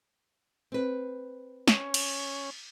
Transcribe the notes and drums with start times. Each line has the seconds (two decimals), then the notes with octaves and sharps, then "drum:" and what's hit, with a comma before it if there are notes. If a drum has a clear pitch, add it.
0.72 C4 B4
1.68 C#4, drum: snare
1.94 drum: cymbal